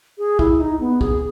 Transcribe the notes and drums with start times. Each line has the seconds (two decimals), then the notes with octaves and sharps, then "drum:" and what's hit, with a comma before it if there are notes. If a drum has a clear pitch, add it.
0.18 G#4
0.39 E4, drum: kick
0.60 D#4
0.80 B3
1.01 G#4, drum: kick